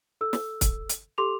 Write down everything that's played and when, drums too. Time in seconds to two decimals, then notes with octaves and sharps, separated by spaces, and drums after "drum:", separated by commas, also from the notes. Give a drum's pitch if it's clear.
0.21 A4 E6
0.33 drum: snare
0.61 drum: kick, hi-hat
0.89 drum: hi-hat
1.18 G4 A4 C6 D6 F7